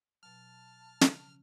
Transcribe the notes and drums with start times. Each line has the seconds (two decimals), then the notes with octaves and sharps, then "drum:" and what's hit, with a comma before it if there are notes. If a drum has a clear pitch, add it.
0.23 B2 F#3 A5 F6
1.01 C#3 F3 C#4, drum: snare